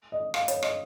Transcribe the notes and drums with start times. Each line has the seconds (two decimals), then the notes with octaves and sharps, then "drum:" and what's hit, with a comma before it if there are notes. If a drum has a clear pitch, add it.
0.12 D#5
0.34 F5, drum: rim click
0.48 C#5, drum: hi-hat
0.63 D#5, drum: rim click